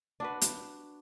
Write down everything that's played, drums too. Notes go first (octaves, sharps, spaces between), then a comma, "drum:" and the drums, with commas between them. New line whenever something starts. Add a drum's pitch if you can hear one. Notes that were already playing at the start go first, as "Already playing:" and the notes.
D4 F#4 B4
drum: hi-hat